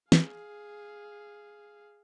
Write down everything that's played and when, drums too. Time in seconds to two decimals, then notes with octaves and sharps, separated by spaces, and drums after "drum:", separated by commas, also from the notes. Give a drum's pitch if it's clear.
0.12 G#4 F5, drum: snare